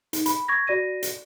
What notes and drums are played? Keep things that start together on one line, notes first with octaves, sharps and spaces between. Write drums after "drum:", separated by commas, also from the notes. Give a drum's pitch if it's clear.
D#4, drum: hi-hat
B5, drum: hi-hat
C#6 G#6 A#6
F#4 D5 A#6 D#7
drum: hi-hat